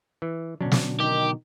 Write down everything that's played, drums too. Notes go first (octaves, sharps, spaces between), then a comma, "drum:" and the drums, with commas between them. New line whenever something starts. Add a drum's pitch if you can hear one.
E3
B2 D3 F#3 C#4 D4
drum: snare
D#3 G4